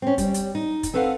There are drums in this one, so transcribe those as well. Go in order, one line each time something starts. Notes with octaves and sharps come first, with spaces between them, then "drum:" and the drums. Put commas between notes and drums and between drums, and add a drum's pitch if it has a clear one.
C4 C#4
G3, drum: kick, hi-hat
drum: hi-hat
D#4
drum: kick, hi-hat
C4 A4 B4 C5 F5 F#5